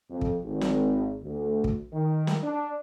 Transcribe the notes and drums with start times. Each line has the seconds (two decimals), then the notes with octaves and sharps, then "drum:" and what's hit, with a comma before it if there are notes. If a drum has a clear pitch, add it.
0.10 F2
0.21 drum: kick
0.44 G#1
0.61 drum: snare
1.22 D2
1.64 drum: kick
1.92 D#3
2.27 drum: snare
2.43 D4